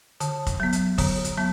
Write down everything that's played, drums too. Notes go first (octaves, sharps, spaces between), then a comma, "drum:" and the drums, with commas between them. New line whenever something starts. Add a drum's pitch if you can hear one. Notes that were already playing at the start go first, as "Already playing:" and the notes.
D3 A5, drum: hi-hat
drum: kick, hi-hat
F#3 B3
drum: hi-hat
D3 A#5, drum: kick, open hi-hat
drum: hi-hat
F#3 B3 A5